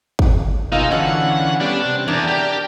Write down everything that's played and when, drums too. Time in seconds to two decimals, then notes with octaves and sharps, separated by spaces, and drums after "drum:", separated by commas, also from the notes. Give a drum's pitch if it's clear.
0.19 drum: kick
0.72 B2 G#3 A#3 D#4 F4 E6
0.92 D3 E3 C#4 A4 F5 F#5
1.60 G3 B3 C#4 D4
1.85 C3
2.08 E2 D4 A#4 D5
2.27 G4